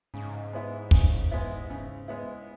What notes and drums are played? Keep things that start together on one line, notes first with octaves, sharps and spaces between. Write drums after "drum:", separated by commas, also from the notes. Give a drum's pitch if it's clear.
G#2 C#3
G#3 B3 E4
C#3, drum: kick
G#3 B3 E4
C#3
G#3 B3 E4